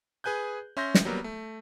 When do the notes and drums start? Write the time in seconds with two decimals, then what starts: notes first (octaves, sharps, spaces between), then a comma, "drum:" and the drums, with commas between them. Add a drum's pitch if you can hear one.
0.24 G#4 B4 G#5 F#6 G6
0.77 C#4 E5 C6 G6 A#6
0.95 drum: snare
1.05 F#3 G3 A#3 B3
1.24 A3